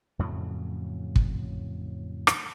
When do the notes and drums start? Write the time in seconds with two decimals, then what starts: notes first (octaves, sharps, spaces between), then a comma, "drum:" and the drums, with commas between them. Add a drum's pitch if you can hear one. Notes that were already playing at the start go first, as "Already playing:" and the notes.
0.19 F2 A2 C#3 F#3
1.16 drum: kick
2.27 drum: rim click